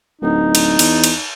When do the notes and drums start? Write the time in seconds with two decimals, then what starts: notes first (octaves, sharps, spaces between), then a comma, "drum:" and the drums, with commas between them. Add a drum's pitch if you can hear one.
0.22 D1 D#4
0.55 drum: cymbal
0.79 E2, drum: cymbal
1.04 drum: cymbal